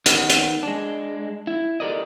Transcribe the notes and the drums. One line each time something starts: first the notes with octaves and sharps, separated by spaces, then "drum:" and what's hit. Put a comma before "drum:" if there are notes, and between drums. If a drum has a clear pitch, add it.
D#3 B3, drum: hi-hat
drum: hi-hat
G#3 D4
E4
G4 A4 A#4 D5 D#5